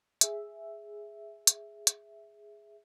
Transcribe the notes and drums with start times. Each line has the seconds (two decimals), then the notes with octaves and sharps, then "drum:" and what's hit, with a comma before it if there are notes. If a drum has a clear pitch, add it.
0.21 G#4 E5, drum: hi-hat
1.47 drum: hi-hat
1.87 drum: hi-hat